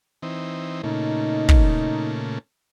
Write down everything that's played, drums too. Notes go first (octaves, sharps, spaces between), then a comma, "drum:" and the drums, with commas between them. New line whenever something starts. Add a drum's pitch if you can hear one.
E3 C4 D#4
A#2 C#3 A3 D#4
drum: kick